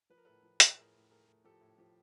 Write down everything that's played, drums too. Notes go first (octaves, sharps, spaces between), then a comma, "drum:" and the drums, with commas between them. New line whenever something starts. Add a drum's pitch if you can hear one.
F3 B4
A#4
A2 A4 B4
F3
A2, drum: hi-hat
A2 G#4 A#4
A2
A3 G#4 A#4
A3
F3 G4 A4
A2
F3 G4